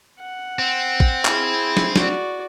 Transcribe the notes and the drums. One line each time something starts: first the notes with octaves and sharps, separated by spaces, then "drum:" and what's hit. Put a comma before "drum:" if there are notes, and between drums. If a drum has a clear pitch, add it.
F#5
C4
drum: kick
E4 G#4, drum: clap
drum: snare
F#4 D5, drum: snare